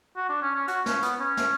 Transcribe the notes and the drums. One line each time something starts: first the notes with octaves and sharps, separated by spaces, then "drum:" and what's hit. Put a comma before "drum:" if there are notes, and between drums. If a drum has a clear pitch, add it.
F#4
D4
C#4
C#4
F#4, drum: hi-hat
C#4, drum: snare
B3, drum: hi-hat
C#4
drum: snare